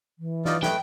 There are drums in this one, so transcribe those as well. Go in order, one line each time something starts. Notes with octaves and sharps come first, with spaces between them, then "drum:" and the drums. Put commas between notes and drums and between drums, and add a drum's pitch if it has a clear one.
E3
D#4 F4 D5, drum: snare
A3 B4 G5, drum: snare